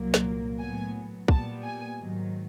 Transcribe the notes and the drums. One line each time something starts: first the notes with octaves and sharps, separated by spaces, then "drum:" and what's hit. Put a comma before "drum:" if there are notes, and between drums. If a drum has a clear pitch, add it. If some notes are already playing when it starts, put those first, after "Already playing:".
Already playing: C2 A#2 F#3 A#3
drum: snare
A2 F#3 B3 G#5
A#2 G3 B3 A5, drum: kick
G#5
G#2 D#3 F#3